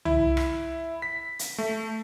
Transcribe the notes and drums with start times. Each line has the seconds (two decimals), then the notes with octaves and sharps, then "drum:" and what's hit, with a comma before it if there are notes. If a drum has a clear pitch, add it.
0.05 E4, drum: tom
0.37 drum: rim click
1.02 B6
1.39 drum: hi-hat
1.58 A3